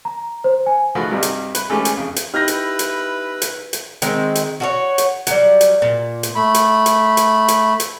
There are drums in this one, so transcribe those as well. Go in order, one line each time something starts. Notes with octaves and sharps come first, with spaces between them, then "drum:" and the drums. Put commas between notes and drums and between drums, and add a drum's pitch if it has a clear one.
A#5
C5
G#5
D#3 F3 A3 F#4 G#4 B4
G2 C3 G3 D#4
drum: hi-hat
B4, drum: hi-hat
E3 G#3 A3 C#4 G4
drum: hi-hat
F2 C#3
drum: hi-hat
D#4 E4 G4 B4 F6 G6 A#6
drum: hi-hat
drum: hi-hat
drum: hi-hat
drum: hi-hat
D#3 G#3 C4, drum: hi-hat
drum: hi-hat
F#4 A4 C#5
drum: hi-hat
F#3 G3, drum: hi-hat
drum: hi-hat
A#2
drum: hi-hat
A3 B5
drum: hi-hat
drum: hi-hat
drum: hi-hat
drum: hi-hat
drum: hi-hat